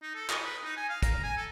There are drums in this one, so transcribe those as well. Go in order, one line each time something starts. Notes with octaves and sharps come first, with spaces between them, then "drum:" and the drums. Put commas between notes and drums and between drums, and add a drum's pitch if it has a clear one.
D#4
A4
D#5, drum: clap
B4
D#4
G#5
F5
A#5, drum: kick, hi-hat
G#5
A4